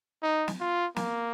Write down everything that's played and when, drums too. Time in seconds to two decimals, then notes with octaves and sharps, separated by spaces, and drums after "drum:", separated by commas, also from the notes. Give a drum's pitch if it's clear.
0.22 D#4
0.48 drum: snare
0.60 F4
0.96 A#3, drum: snare